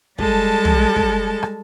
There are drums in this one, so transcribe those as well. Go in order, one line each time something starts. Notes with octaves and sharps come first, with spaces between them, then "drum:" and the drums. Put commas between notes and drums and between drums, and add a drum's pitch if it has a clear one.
G3 G#3 A4 A5, drum: kick
drum: tom
drum: kick
drum: rim click